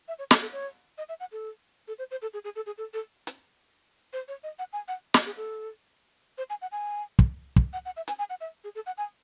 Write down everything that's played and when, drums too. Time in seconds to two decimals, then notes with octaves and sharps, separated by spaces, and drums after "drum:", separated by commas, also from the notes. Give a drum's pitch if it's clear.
0.08 E5
0.19 C#5
0.31 A4, drum: snare
0.41 A4
0.52 C#5
0.98 D#5
1.09 E5
1.20 F#5
1.32 A4
1.88 A4
1.98 C5
2.11 C5
2.22 A4
2.33 G#4
2.44 G#4
2.56 A4
2.66 G#4
2.78 A4
2.93 A4
3.27 drum: hi-hat
4.13 C5
4.28 C#5
4.43 D#5
4.59 F#5
4.73 G#5
4.88 F#5
5.14 D#5, drum: snare
5.26 G#4
5.37 A4
6.38 C5
6.50 G#5
6.61 F#5
6.72 G#5
7.19 drum: kick
7.56 drum: kick
7.73 F#5
7.85 F#5
7.97 E5
8.08 G#5, drum: hi-hat
8.19 G#5
8.30 F#5
8.40 E5
8.64 G#4
8.75 A4
8.86 F#5
8.97 G#5